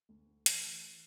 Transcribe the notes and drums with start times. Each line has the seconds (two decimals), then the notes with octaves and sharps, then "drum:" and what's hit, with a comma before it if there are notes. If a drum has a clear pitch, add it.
0.09 D2
0.27 A3
0.46 E3, drum: hi-hat
0.64 E3